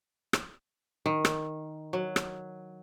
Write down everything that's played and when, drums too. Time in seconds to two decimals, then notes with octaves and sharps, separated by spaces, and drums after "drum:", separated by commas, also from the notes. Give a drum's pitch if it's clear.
0.33 drum: rim click
1.06 D#3
1.25 drum: rim click
1.93 F#3
2.16 drum: rim click